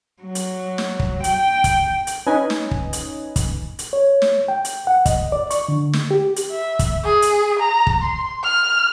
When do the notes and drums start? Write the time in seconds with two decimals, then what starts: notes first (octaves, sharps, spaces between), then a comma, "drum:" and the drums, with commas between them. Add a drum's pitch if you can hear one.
0.23 F#3
0.35 drum: hi-hat
0.78 drum: snare
1.00 drum: kick
1.24 G5, drum: hi-hat
1.64 drum: kick, hi-hat
2.07 drum: hi-hat
2.27 C#4 D#4 B4 D#5 G#5
2.50 drum: snare
2.71 drum: kick
2.93 drum: hi-hat
3.36 drum: kick, hi-hat
3.79 drum: hi-hat
3.93 C#5
4.22 drum: snare
4.48 G5
4.65 drum: hi-hat
4.87 F#5
5.06 D#5, drum: kick, hi-hat
5.32 D5
5.50 C#6, drum: hi-hat
5.69 D3
5.93 drum: snare
6.11 G4
6.36 drum: hi-hat
6.52 E5
6.79 drum: kick, hi-hat
7.05 G#4
7.22 drum: hi-hat
7.60 A#5
7.87 drum: kick
8.03 C6
8.44 F6